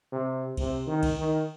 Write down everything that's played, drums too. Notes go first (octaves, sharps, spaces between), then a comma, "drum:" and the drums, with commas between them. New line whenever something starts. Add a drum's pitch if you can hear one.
C3
C3, drum: kick C2, cymbal
D#3
drum: kick C2, cymbal
D#3